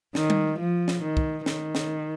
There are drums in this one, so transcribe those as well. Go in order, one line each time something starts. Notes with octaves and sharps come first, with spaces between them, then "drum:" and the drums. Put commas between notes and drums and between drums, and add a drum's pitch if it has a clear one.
D#3, drum: snare
drum: tom G3
F3
drum: snare
D#3
drum: kick
D#3, drum: snare
drum: snare